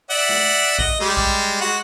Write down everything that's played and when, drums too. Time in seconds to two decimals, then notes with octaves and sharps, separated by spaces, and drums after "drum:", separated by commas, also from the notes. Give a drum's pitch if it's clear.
0.10 D5 E5 F#5
0.29 drum: snare
0.79 D#5, drum: kick A#1
1.00 G3 G#3
1.17 drum: kick A#1
1.61 G#3 F#4